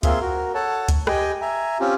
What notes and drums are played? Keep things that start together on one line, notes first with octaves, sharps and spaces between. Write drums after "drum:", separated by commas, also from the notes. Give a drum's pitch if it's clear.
A#3 C4 F4 G#4 E5 C6, drum: kick D2, hi-hat
F#4 A#4
A4 C#5 F#5 A5
drum: kick D2, hi-hat
G4 D#5 G5 G#5, drum: rim click
E5 G#5 A#5
C4 C#4 F4 G4